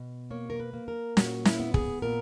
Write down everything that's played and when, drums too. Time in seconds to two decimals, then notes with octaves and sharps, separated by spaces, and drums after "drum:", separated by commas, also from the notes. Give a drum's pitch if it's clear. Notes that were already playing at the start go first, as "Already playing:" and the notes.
Already playing: B2
0.31 A#3 C#5
0.50 A#4
0.60 B4
0.73 A#3
0.88 A#4
1.17 A#2 F#4, drum: snare
1.45 E4, drum: snare
1.60 B3
1.74 G#4, drum: kick
2.02 A#2 A#4